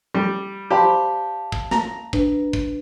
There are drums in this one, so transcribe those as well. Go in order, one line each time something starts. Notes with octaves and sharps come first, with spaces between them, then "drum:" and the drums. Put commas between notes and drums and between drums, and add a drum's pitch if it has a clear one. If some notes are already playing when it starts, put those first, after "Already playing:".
G3
G4 C5 D5 F5 A5 B5
drum: kick
A#5, drum: snare
D4 B4, drum: kick
drum: kick